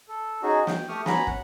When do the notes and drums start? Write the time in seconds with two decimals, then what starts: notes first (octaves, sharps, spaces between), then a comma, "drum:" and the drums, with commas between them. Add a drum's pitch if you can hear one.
0.08 A4
0.43 C#4 D#4 F#4 G#4
0.67 G5, drum: snare
0.89 A3 G4 C#6 D#6 F6
1.06 B3 C#4 A#5 B5, drum: snare
1.27 F#5, drum: kick